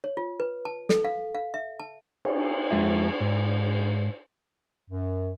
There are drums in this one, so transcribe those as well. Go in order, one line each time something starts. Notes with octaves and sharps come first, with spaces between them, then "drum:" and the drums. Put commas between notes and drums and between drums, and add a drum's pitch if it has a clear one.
C#5
F4
B4
A5
A4, drum: snare
F5
F5
E5
A5
drum: cymbal
F2 G#3 F4 E5
G#2
F#2